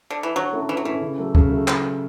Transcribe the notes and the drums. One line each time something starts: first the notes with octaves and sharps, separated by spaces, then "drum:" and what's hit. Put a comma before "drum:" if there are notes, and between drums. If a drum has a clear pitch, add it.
D3
E3
D3 F#3
A3 C#4 E4 A4
D3 E3
F#3
E3 A3 C#4 E4 A4
C#3
F#3 A3
C#3, drum: kick D2
F#3 A3
drum: clap